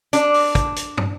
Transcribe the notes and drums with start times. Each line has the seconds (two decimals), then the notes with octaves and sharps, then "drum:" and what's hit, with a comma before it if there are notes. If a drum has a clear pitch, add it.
0.13 D4, drum: hi-hat
0.34 drum: open hi-hat
0.55 drum: kick, hi-hat
0.76 drum: hi-hat
0.97 drum: tom